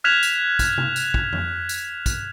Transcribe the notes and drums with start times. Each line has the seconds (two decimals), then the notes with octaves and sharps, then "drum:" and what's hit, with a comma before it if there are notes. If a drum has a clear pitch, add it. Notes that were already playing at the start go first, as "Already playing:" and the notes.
0.04 F6 F#6 G#6 B6 E7 F7
0.23 drum: tambourine
0.59 drum: kick, tambourine
0.78 drum: tom C3
0.96 drum: tambourine
1.14 drum: kick
1.33 drum: tom F2
1.69 drum: tambourine
2.06 drum: kick, tambourine